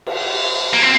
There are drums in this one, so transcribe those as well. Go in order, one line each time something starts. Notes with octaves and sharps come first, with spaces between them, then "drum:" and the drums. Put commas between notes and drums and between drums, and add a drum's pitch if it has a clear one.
drum: cymbal
A#3
C4